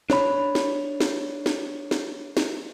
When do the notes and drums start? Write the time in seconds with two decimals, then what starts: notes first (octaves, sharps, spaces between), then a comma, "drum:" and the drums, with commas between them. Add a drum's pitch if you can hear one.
0.10 D4 C#5 B5, drum: snare
0.55 drum: snare
1.01 drum: snare
1.46 drum: snare
1.91 drum: snare
2.37 drum: snare